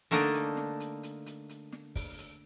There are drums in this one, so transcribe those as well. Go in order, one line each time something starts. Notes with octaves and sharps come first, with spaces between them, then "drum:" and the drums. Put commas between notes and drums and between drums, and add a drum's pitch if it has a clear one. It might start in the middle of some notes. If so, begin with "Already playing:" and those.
D3 A3 A#3 D4 D#4, drum: hi-hat
drum: hi-hat
drum: snare
drum: hi-hat
drum: hi-hat
drum: hi-hat
drum: hi-hat
drum: snare
drum: kick, open hi-hat
drum: hi-hat